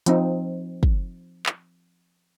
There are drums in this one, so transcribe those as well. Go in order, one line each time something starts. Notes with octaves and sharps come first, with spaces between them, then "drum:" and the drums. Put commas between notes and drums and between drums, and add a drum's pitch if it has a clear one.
F3 C4 D#4, drum: hi-hat
drum: kick
drum: clap